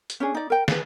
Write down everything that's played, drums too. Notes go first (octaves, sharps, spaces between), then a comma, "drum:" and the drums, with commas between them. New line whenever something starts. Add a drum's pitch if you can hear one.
drum: hi-hat
C#4 D4 G#4
D#4 D5
A#4 G5
G#4 B4, drum: snare